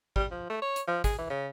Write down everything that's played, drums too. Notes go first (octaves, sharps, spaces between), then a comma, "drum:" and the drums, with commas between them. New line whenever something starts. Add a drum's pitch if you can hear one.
G3, drum: kick
F3
A3
C#5
drum: hi-hat
F3
G#4, drum: kick, hi-hat
E3
C#3